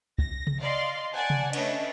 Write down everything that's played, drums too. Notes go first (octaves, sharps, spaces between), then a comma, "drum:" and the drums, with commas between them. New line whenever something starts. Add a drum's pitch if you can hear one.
A#6, drum: kick
drum: tom C3
D5 D#5 F5 C6
D5 F#5 G#5 A5
drum: tom C3
A3 C#4 D4 B4 C#5 D#5, drum: cymbal